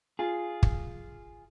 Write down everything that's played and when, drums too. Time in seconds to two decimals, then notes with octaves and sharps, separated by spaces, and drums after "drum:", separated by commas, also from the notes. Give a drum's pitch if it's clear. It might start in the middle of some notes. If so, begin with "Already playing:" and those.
0.19 F4 G#4
0.63 drum: kick